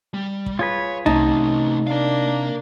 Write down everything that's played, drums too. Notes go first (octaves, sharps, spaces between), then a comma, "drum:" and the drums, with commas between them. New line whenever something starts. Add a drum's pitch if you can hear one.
G3
drum: kick
F4 G#4 B4 C#5
C3 A3 C#4 D#4 A5, drum: tom C2
D4 A#4 F5